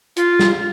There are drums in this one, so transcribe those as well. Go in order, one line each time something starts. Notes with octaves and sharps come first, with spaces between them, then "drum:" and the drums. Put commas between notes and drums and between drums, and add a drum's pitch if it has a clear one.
F4, drum: hi-hat
drum: snare